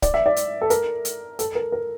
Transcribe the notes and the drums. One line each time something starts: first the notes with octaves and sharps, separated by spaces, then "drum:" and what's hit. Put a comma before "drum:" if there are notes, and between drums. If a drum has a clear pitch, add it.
D5, drum: kick, hi-hat
E5
D5
drum: hi-hat
A4
A#4, drum: hi-hat
drum: hi-hat
A4, drum: hi-hat
A#4
A#4